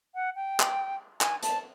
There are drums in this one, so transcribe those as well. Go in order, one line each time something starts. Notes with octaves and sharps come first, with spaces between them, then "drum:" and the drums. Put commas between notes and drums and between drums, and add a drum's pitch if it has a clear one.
F#5
G5
drum: clap
G#5, drum: clap
A5, drum: hi-hat